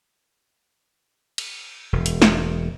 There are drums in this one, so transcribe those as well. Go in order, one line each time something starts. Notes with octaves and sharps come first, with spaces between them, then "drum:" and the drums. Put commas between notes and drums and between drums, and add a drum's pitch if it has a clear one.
drum: cymbal
E1
drum: hi-hat
drum: snare